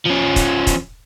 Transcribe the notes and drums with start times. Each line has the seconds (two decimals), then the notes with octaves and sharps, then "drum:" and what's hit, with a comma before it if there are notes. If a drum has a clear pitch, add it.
0.05 F3 C#4
0.36 drum: kick, hi-hat
0.67 drum: kick, hi-hat